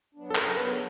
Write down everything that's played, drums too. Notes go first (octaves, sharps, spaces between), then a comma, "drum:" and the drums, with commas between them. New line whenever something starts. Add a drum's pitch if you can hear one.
F#3 B3 D4
A4
C#3 A#4, drum: clap
F#3 B3 D4 B4